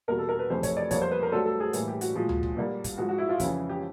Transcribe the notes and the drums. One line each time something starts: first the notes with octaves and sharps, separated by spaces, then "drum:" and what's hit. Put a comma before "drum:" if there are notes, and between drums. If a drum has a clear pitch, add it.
E2 B2 G3 A#3 A#4
A4
A#4
B4
F2 C3 E3 A3 C5
C#5, drum: kick, hi-hat
D5
F2 D3 G3 A#3 C#5, drum: kick, hi-hat
C5
B4
A#4
G2 D3 F#3 A3 A4
A4
G#4
A2 E3 G3 A#3, drum: hi-hat
G4
F#4, drum: hi-hat
A#2 F3 G#3
drum: tom D2
drum: kick
G2 D3 G3 A#3
drum: kick, hi-hat
G#2 F3 G#3 F#4
F#4
E4
F4
F2 C#3 E3, drum: kick, hi-hat
G4